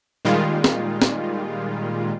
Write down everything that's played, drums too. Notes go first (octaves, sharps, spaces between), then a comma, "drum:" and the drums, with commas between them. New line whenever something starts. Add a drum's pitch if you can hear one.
A#2 D#3 G3 G#3 F4
drum: snare
drum: snare